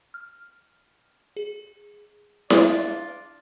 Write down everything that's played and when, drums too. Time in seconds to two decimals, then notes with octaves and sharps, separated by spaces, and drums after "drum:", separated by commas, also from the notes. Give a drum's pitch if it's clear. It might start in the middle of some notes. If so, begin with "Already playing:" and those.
0.14 F6
1.37 G#4
2.50 D4 F4 D5, drum: snare E4